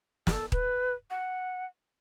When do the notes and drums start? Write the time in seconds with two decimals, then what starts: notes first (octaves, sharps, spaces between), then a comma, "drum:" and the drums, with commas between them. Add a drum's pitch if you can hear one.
0.27 G4, drum: snare
0.32 A4
0.52 B4, drum: kick D#1
1.10 F#5